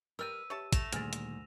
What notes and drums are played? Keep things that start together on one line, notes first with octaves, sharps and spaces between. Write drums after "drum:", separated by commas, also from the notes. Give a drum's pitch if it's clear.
G3 A#4 B4 E6 F6 D#7
G4 C#5 E5 A5
A3 A5 A#6 E7 F7, drum: kick, hi-hat
D2 A#2 D#3 G3 G#4 D5 G#5 F6, drum: hi-hat
drum: hi-hat